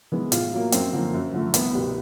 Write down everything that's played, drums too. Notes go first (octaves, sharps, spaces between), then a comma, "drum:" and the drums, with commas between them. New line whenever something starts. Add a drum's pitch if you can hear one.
E3 G#3 B3
A2 F4, drum: hi-hat
F#3 A#3
F#2 C4, drum: hi-hat
D3 F3 A#3
F#2
D3 F3 A3
C2 B3, drum: hi-hat
B2 G3